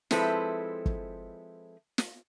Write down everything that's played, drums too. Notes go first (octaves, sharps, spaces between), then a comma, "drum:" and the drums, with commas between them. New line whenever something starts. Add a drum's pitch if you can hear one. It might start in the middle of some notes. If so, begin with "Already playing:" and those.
F3 G#3 C4 E4 A4 B4, drum: snare
drum: kick
drum: snare